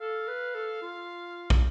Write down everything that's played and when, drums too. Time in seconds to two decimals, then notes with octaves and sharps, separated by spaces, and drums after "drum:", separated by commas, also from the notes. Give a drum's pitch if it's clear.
0.01 A4 F5
0.28 B4
0.55 A4
0.82 F4
1.50 drum: kick